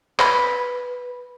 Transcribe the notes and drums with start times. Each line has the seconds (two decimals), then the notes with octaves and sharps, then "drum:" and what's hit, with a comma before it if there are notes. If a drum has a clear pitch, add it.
0.19 B4, drum: clap